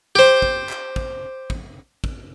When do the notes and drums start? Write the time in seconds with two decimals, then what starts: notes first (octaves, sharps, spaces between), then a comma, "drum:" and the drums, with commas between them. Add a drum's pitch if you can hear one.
0.15 G4 C5
0.42 drum: kick
0.69 drum: clap
0.96 drum: kick
1.50 drum: kick
2.04 drum: kick